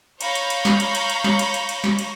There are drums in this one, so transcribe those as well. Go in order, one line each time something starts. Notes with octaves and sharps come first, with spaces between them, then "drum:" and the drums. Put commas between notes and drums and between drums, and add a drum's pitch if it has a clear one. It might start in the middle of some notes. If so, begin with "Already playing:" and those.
C#5 F5 A#5 B5 C#6 G6, drum: cymbal
drum: cymbal
drum: cymbal
drum: snare
drum: cymbal
drum: cymbal
drum: cymbal
drum: snare
drum: cymbal
drum: cymbal
drum: cymbal
drum: snare
drum: cymbal